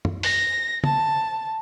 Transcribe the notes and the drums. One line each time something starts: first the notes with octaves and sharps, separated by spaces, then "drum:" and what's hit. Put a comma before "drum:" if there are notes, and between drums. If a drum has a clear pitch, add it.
drum: tom
A#6, drum: open hi-hat
A5, drum: tom